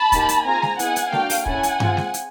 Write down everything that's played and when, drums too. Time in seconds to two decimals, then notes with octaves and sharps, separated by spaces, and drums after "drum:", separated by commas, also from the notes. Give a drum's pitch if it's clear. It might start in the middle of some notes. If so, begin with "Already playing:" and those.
Already playing: A5 B5
0.12 A#3 D#4 G4, drum: kick, hi-hat
0.29 drum: hi-hat
0.45 C4 F4 G#4 G#5 A#5
0.62 drum: snare G#3
0.79 B3 E4 G#4 F#5 G#5, drum: hi-hat
0.96 drum: hi-hat
1.12 A#3 D4 F#4 A4 F5 G5, drum: snare G#3
1.30 drum: open hi-hat
1.46 C#4 E4 A4 F#5 G#5, drum: kick
1.63 drum: hi-hat
1.80 C4 F4 G#4, drum: tom G2
1.97 drum: snare G#3
2.14 drum: hi-hat